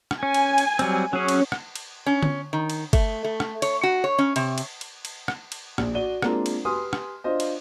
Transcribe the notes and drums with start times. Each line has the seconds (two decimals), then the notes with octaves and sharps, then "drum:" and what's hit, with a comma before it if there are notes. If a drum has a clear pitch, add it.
0.11 drum: rim click
0.23 C#4 G#5
0.34 drum: cymbal
0.58 drum: cymbal
0.79 F#3 G3 C4, drum: cymbal
1.13 F#3 C#4 G#4
1.28 drum: cymbal
1.52 drum: rim click
1.76 drum: cymbal
2.06 C#4
2.23 drum: tom D3
2.53 D#3
2.70 drum: cymbal
2.93 A3, drum: kick G1, cymbal
3.24 A3
3.40 drum: rim click
3.62 C#5, drum: cymbal
3.83 F#4
4.04 C#5
4.18 C#4
4.36 C3, drum: cymbal
4.58 drum: cymbal
4.81 drum: cymbal
5.05 drum: cymbal
5.28 drum: rim click
5.52 drum: cymbal
5.78 A#1, drum: rim click
5.94 F#4 D5 D#7 G7
6.22 G#3 A#3 C4 D4 F4 A#4, drum: rim click
6.46 drum: cymbal
6.65 G4 B4 G#5 C6 D#6 F6
6.93 drum: rim click
7.24 D4 F4 C5 D#5
7.40 drum: cymbal